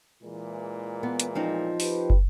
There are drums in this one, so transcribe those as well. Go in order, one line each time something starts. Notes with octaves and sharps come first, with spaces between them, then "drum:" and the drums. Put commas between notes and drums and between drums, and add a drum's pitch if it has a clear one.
A#2 E3 G#3
B3
drum: hi-hat
F3 C4 D#4
G4 B4, drum: open hi-hat
drum: kick